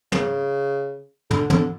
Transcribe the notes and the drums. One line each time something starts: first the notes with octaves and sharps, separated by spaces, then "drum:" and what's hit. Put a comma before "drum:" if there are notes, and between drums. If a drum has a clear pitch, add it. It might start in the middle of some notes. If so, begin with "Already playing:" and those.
C#3, drum: tom
D3, drum: tom
D3, drum: tom